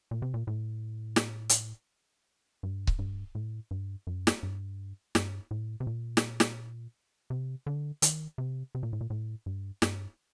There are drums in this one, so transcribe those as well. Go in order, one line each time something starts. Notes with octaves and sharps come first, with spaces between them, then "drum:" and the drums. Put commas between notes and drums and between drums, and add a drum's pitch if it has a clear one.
A#2
C3
A#2
A2
drum: snare
drum: hi-hat
G2
drum: kick C#1
G2
A2
G2
F#2
drum: snare
G2
G2, drum: snare
A2
C3
A#2
drum: snare
drum: snare
C3
D3
D#3, drum: hi-hat
C3
C3
A#2
A2
A#2
A2
G2
G2, drum: snare